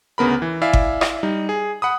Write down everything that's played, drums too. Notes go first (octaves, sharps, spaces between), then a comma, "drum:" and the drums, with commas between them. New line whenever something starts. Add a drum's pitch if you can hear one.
D2 C#3 B3 A#4 B5
E3
E4 D5 E5 F5 G#5
drum: kick G1
drum: rim click
G3 D#4
G#4
F#5 B5 D#6